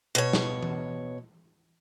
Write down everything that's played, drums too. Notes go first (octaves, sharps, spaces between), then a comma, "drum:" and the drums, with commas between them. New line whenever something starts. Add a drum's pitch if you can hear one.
B2 C#5
drum: snare
drum: tom E3